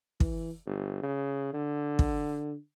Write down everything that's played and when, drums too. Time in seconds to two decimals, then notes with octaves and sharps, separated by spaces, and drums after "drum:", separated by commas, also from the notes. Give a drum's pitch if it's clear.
0.20 E3, drum: kick
0.66 G1
1.03 C#3
1.54 D3
1.99 drum: kick